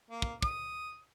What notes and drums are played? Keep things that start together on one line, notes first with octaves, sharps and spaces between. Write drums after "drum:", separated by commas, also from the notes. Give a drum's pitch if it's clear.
A#3
drum: kick
D#6, drum: kick